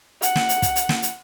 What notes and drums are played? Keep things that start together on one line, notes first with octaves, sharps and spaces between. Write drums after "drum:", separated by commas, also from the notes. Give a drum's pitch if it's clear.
F#5, drum: hi-hat
drum: snare
drum: hi-hat
drum: kick, hi-hat
drum: hi-hat
drum: snare
drum: hi-hat